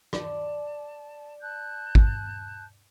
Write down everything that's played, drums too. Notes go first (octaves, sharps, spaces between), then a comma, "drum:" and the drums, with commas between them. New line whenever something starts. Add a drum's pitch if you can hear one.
D5 A5, drum: rim click
A5 F#6 G6
drum: kick